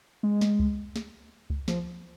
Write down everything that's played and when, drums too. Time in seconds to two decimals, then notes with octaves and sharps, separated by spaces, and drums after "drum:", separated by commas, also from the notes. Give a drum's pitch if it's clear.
0.23 G#3
0.41 drum: snare
0.59 drum: kick C#2
0.96 drum: snare
1.50 drum: kick C#2
1.68 F3, drum: snare